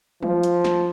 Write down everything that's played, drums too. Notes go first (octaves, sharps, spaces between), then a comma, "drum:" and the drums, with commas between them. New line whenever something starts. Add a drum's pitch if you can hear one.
F3, drum: tom
drum: hi-hat
drum: snare